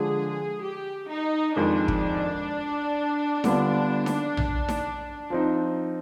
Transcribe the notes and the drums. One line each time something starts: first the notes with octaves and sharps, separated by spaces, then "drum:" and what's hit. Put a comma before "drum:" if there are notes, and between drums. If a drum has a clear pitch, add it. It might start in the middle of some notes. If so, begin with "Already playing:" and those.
Already playing: D3 F3 G#3 D4 G#4
G4
D#4
F2 D#3 G#3 D4
drum: kick
D3 G3 B3 F4, drum: snare D#4
drum: snare D#4
drum: tom A#1
drum: snare D#4
F3 C4 D#4